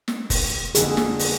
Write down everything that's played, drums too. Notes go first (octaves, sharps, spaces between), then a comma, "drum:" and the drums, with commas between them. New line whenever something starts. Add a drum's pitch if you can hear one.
drum: snare
drum: kick F1, open hi-hat
F2 D3 A#3 G#4, drum: hi-hat
drum: snare
drum: open hi-hat